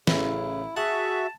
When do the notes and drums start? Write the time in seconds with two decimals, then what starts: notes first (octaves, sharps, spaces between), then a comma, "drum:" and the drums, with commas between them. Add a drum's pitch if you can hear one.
0.07 A1 C#3 E4, drum: snare
0.77 F#4 G#4 E5 F#5 A5